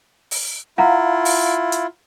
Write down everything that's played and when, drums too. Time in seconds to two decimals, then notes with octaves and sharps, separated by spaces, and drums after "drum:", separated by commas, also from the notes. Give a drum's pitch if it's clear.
0.31 drum: open hi-hat
0.78 E4 F4 F5 F#5 A#5
1.25 drum: open hi-hat
1.72 drum: hi-hat